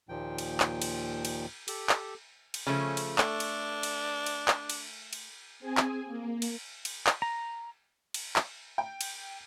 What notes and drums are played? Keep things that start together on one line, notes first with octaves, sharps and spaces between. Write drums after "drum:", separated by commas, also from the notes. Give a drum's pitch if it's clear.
D#2 A#2 F3 G5
drum: cymbal
drum: clap
drum: cymbal
drum: cymbal
G4 A4, drum: cymbal
drum: clap
drum: cymbal
C#3 F3 A3 C#4
drum: cymbal
A3 D4, drum: clap
drum: cymbal
drum: cymbal
drum: cymbal
drum: clap
drum: cymbal
drum: cymbal
C4 G#4 G#5
drum: clap
A#3
drum: cymbal
drum: cymbal
drum: clap
A#5
drum: cymbal
drum: clap
G5
drum: cymbal